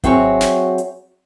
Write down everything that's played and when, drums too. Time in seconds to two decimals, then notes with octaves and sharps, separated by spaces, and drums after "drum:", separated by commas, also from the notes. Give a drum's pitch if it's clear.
0.04 F#3 C4 F#4 G#4 C#5 E5, drum: kick G#1, hi-hat
0.41 drum: snare
0.78 drum: hi-hat